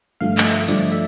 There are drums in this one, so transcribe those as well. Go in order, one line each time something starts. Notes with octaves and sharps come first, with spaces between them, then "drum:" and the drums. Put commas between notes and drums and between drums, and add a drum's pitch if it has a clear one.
G2 D3 F3 A3 F5
D#5, drum: clap
E5
G2 D3 F3 A3 D5, drum: tambourine
E5